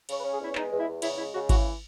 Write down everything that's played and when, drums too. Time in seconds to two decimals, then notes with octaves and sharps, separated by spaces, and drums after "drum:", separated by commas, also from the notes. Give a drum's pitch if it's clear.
0.09 C#3 C#5, drum: cymbal
0.20 B4
0.24 C#4
0.32 G#4
0.40 E2 E4
0.55 G#3 D#4, drum: clap
0.71 E2
0.79 E4
0.87 E2
1.02 C#3 E4, drum: cymbal
1.18 G#3 E4
1.34 C#3 F#4
1.49 E3 F#4, drum: kick G#1, cymbal